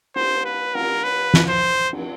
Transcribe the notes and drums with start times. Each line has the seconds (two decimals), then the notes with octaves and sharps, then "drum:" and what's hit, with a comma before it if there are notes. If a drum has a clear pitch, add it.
0.16 C5, drum: cymbal
0.45 B4
0.75 A#4, drum: cymbal
1.04 B4
1.34 drum: snare
1.49 C5
1.93 drum: cymbal